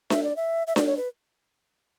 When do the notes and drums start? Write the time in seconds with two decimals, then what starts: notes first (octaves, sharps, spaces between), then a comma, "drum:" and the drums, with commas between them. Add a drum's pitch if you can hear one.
0.10 E5, drum: snare D4
0.23 D5
0.36 E5
0.67 E5
0.76 D5, drum: snare D4
0.86 C#5
0.97 B4